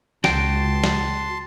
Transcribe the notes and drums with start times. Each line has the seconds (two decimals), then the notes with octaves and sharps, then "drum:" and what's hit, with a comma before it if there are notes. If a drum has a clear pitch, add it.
0.24 C#2 F#4 G5 A5 C6, drum: snare
0.84 drum: snare